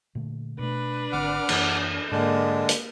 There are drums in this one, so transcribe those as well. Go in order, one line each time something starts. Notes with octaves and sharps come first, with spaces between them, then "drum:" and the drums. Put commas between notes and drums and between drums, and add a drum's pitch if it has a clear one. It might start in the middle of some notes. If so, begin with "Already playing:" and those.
A#2 D3 A3
B2 A3 D4 B4
G#1 D3 C4 F#5 D6 F6
F#2 E3 A#3, drum: cymbal
G#2 D3 G#3 A#3 D4
drum: hi-hat